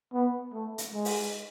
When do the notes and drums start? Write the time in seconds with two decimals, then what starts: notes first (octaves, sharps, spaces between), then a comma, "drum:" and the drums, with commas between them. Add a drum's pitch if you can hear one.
0.14 B3
0.53 A3
0.78 drum: hi-hat
0.93 G#3
1.05 drum: open hi-hat